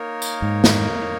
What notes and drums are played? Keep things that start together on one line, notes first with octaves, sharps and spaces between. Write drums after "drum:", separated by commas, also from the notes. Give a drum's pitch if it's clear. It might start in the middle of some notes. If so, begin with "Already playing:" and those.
Already playing: A#3 D#4 A#4 C#5
drum: tambourine
G#2
drum: snare